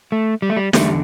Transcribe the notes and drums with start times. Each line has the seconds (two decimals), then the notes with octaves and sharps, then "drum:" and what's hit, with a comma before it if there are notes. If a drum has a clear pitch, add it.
0.12 A3
0.42 G3
0.50 A3
0.57 G3
0.73 E2 D3 G3 A3, drum: snare